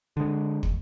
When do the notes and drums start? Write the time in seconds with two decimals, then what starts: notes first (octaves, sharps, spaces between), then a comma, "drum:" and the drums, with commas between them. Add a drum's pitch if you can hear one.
0.17 D3 G#3
0.63 drum: kick